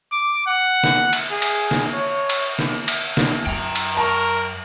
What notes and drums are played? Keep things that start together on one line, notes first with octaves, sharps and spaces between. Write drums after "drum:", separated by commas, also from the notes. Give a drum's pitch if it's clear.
D6
F#5
drum: snare
drum: cymbal
G#4
drum: cymbal
drum: snare
C#5
drum: cymbal
drum: snare
drum: cymbal
drum: snare
F#2 G5 A#5
drum: cymbal
A#4 A5 C#6